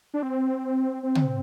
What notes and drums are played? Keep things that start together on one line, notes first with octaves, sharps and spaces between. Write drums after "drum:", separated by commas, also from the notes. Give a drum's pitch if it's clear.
D4
C4
C4
drum: tom